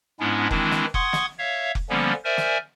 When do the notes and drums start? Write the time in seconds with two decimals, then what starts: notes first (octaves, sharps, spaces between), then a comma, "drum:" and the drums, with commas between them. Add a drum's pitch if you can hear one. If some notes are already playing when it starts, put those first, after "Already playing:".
0.20 G#2 G#3 B3 C#4 D4 E4
0.51 D#3 E3 G#3 C4 D4 E4, drum: kick F1
0.71 drum: snare
0.94 F#5 C6 C#6 D#6 G#6, drum: kick F1
1.13 drum: snare
1.39 C#5 E5 F5
1.75 drum: kick F1
1.90 D3 F3 G3 A#3 B3 C#4
2.24 A#4 C5 D5 E5 G#5
2.37 drum: snare